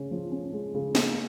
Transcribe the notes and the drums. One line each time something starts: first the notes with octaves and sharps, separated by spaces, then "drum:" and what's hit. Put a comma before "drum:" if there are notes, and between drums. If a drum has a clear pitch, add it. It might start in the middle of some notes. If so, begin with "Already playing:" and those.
Already playing: C#3 C#4
F3
C#4
G#3
C#3
A#3, drum: snare